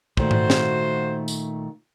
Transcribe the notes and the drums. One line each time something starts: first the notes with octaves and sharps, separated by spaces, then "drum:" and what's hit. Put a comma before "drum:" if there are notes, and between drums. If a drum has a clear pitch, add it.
A#2 D#3 A3 F#4 C5, drum: kick
drum: tom G#2
drum: snare
drum: tambourine